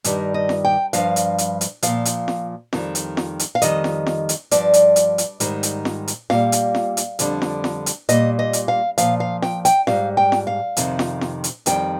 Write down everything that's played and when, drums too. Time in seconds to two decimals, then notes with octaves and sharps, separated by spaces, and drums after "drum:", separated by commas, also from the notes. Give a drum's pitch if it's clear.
0.04 G2 D#3 G3, drum: hi-hat
0.34 D#5
0.49 drum: snare
0.65 G5
0.93 G2 F3 F5, drum: hi-hat
1.16 drum: hi-hat
1.38 drum: hi-hat
1.61 drum: hi-hat
1.83 A#2 F3 F5, drum: hi-hat
2.05 drum: hi-hat
2.28 drum: snare
2.73 F2 D#3 G3, drum: snare
2.95 drum: hi-hat
3.17 drum: snare
3.39 drum: hi-hat
3.55 F5
3.62 F2 D#3 G3 D#5, drum: hi-hat
3.84 drum: snare
4.06 drum: snare
4.29 drum: hi-hat
4.51 G2 F3 D5, drum: hi-hat
4.74 drum: hi-hat
4.96 drum: hi-hat
5.18 drum: hi-hat
5.40 G#2 D#3 G3, drum: hi-hat
5.63 drum: hi-hat
5.85 drum: snare
6.08 drum: hi-hat
6.30 A#2 G3 F5, drum: snare
6.52 drum: hi-hat
6.75 drum: snare
6.97 drum: hi-hat
7.19 F2 D3 G3, drum: hi-hat
7.42 drum: snare
7.64 drum: snare
7.86 drum: hi-hat
8.09 A#2 G3 D#5, drum: hi-hat
8.39 D#5
8.53 drum: hi-hat
8.68 F5
8.98 A#2 F3 F5, drum: hi-hat
9.20 F5
9.42 G5, drum: snare
9.65 G5, drum: hi-hat
9.87 G#2 D#3 G3 F5, drum: snare
10.17 G5
10.32 drum: snare
10.47 F5
10.77 F2 C3 D#3, drum: hi-hat
10.99 drum: snare
11.21 drum: snare
11.44 drum: hi-hat
11.66 F2 D#3 G3 G5, drum: hi-hat